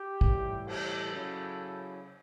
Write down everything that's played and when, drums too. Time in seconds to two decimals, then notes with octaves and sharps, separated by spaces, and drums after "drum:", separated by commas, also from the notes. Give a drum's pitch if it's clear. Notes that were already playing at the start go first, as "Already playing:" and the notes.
Already playing: G4
0.21 A2 E3 G3, drum: kick
0.67 A4, drum: cymbal
1.12 C#3 F#3 C#4 E4